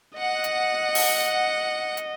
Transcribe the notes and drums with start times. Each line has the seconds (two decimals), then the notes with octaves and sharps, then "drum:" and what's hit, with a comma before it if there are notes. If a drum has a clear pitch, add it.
0.18 D#5 F#5
0.44 drum: hi-hat
0.95 drum: open hi-hat
1.97 drum: hi-hat